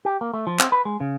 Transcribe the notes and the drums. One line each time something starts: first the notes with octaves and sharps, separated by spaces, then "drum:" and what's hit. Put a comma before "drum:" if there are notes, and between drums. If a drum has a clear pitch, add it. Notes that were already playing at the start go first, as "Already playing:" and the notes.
G4
A#3
A3
F3
C4, drum: clap
B4
G#3
C#3